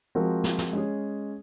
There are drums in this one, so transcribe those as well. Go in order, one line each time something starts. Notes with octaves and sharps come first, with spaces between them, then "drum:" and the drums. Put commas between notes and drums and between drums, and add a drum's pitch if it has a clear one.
F3 G#3 C4 F#4 A#4
drum: snare
drum: snare
G#3 C#4 G#4